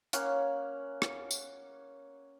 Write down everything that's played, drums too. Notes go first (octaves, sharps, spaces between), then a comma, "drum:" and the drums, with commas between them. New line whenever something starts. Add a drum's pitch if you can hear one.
A#3 C#4 C#5 F#5, drum: hi-hat
drum: rim click
drum: tambourine